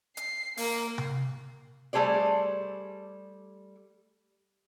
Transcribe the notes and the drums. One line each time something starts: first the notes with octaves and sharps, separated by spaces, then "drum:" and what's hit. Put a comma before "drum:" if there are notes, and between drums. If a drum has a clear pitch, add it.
C7, drum: hi-hat
A#3, drum: open hi-hat
drum: tom C3
G3 A3 G#4 C5 D5